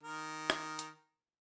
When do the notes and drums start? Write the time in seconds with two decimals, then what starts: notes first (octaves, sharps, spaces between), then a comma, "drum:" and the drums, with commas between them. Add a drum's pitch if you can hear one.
0.03 D#3 A#4
0.50 drum: rim click
0.79 drum: hi-hat